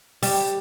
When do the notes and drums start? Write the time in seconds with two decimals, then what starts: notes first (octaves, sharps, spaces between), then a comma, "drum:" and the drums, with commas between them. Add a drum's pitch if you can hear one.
0.23 G3, drum: open hi-hat